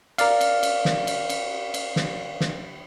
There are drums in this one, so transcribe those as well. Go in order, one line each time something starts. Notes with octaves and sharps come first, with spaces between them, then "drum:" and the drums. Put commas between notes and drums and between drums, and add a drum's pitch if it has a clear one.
A#4 D5 F5, drum: cymbal
drum: cymbal
drum: cymbal
drum: snare
drum: cymbal
drum: cymbal
drum: cymbal
drum: snare
drum: snare